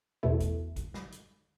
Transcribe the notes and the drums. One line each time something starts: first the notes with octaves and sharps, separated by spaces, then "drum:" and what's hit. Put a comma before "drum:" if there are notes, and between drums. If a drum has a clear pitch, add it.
E2 B2 A3 E4
drum: kick A1, hi-hat
drum: kick A1, hi-hat
drum: snare
drum: hi-hat